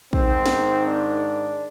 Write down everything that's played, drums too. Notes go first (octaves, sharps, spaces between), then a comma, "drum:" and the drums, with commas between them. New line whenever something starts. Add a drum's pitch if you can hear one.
G#2 D#3 C4, drum: kick
drum: snare
D4